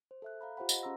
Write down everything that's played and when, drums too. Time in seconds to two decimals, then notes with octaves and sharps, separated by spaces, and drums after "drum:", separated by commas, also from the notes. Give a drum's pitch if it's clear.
0.11 C5
0.22 A4 E5 F#6
0.41 F5 A#5 B5
0.57 F4 G4 C5 F5 F#5 B5
0.69 D#5 F#5, drum: tambourine
0.82 C#4 G#4 A#5 C6 E6 A#6